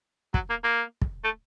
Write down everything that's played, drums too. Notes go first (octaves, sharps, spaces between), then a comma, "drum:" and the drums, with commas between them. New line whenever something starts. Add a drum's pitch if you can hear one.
F#3, drum: kick
A#3
A#3
drum: kick
A3